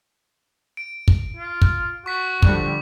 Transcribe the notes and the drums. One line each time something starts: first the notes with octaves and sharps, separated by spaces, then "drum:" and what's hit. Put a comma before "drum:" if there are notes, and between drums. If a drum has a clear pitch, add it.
D7
drum: kick
F4
drum: kick
F#4 C#6 B6
D3 F3 G3 C#6, drum: kick